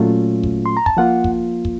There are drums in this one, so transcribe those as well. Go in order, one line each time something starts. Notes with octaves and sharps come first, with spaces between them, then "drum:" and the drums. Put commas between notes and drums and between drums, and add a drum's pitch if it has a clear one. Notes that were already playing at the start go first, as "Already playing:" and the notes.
Already playing: A#2 F#3 A3 C#4 F4
drum: kick
C6
A#5
A5, drum: kick
F3 A#3 F4 F#5
drum: kick
drum: kick